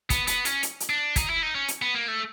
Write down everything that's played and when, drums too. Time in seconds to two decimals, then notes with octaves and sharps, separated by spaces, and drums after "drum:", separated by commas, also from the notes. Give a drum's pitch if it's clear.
0.10 B3, drum: kick, hi-hat
0.27 B3, drum: hi-hat
0.45 C#4, drum: hi-hat
0.63 drum: hi-hat
0.80 drum: hi-hat
0.90 D4
1.16 D#4, drum: kick, hi-hat
1.29 E4
1.42 D#4
1.55 C#4
1.68 drum: hi-hat
1.82 B3
1.95 A#3
2.08 A3